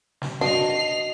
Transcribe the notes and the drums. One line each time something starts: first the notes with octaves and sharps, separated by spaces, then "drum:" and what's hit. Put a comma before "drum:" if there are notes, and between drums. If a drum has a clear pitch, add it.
drum: snare
D4 F#4 D#5 C7 F7, drum: snare